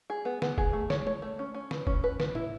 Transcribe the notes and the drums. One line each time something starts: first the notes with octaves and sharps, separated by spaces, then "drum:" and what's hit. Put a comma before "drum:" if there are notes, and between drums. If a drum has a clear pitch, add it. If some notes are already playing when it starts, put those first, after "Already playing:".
G#4
B3
B3, drum: snare
G#4, drum: kick E1
A3
C#5, drum: snare
C#5, drum: tom
A3
C#4
C#4
B4, drum: snare
C#4, drum: kick E1
B4
B4, drum: snare
E4, drum: tom